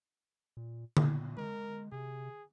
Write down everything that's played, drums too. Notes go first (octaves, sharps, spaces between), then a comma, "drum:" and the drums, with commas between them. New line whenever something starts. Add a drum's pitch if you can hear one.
A#2
A#2, drum: tom D3
G#3 A#4
C3 G#4